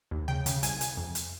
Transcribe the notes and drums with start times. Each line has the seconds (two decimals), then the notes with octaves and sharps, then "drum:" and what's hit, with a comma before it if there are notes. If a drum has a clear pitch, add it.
0.11 D#2
0.28 C#3 G5
0.46 C#3, drum: hi-hat
0.63 C2 G#5, drum: hi-hat
0.81 C2, drum: hi-hat
0.97 F2
1.15 drum: hi-hat